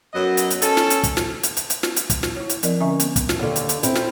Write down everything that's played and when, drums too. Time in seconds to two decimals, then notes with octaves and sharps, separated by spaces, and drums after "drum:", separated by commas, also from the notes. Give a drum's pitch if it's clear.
0.14 F#2 F#3 B3 D#5
0.37 drum: hi-hat
0.50 drum: hi-hat
0.62 C#4 A4, drum: hi-hat
0.77 drum: snare
0.90 drum: hi-hat
1.03 drum: kick, hi-hat
1.17 drum: snare
1.43 drum: hi-hat
1.57 drum: hi-hat
1.70 drum: hi-hat
1.83 drum: snare
1.96 drum: hi-hat
2.10 drum: kick, hi-hat
2.23 drum: snare
2.36 E4 C#5
2.49 drum: hi-hat
2.63 F3 C4 A#4 D5 D#5, drum: hi-hat
2.80 D3 C#4 E5 G#5 C#6
3.00 B3, drum: hi-hat
3.16 drum: kick, hi-hat
3.29 drum: snare
3.39 D#2 D3
3.56 drum: hi-hat
3.69 drum: hi-hat
3.83 C4 E4, drum: hi-hat
3.95 drum: snare